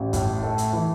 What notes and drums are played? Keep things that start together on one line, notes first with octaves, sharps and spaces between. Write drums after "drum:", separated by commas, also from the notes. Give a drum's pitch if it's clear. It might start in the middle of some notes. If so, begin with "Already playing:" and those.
Already playing: A1
A2, drum: kick F#2, hi-hat
A3
drum: hi-hat
E3